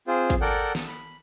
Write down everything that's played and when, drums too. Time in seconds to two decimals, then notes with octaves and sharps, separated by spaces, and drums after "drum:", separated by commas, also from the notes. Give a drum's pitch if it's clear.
0.07 C4 F4 G#4 C5
0.30 drum: kick, hi-hat
0.41 A4 A#4 D5 F#5 G5
0.75 drum: snare
0.88 B5